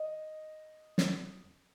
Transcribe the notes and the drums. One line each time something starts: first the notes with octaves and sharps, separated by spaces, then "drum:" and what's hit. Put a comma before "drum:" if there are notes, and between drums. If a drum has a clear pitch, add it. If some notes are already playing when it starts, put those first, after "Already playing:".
Already playing: D#5
drum: snare